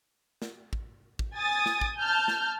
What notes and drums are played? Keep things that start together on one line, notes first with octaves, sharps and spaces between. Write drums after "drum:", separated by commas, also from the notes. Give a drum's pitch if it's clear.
drum: snare
drum: kick
drum: kick
G#5 D#6 A6
drum: snare
drum: kick
A5 F6 G6
drum: snare